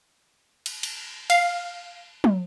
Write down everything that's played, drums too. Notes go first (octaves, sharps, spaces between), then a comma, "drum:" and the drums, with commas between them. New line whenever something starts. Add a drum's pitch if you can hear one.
drum: cymbal
drum: cymbal
F5, drum: cymbal
drum: tom